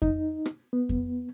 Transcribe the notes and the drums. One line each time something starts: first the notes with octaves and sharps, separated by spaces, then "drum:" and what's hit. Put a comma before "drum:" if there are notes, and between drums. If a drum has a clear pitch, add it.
D#4, drum: kick F2
drum: rim click
B3
drum: kick F2